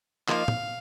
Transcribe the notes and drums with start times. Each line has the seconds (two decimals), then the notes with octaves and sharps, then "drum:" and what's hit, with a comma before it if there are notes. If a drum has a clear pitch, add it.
0.28 F3 A#3 D#4 F5, drum: clap
0.48 drum: tom